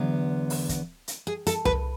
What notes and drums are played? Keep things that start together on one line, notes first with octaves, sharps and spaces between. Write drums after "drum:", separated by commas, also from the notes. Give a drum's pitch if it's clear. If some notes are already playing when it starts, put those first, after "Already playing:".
Already playing: E2 D3 F#3 B3
drum: open hi-hat
drum: kick, hi-hat
drum: hi-hat
G#4
A4, drum: hi-hat
B4, drum: tom C2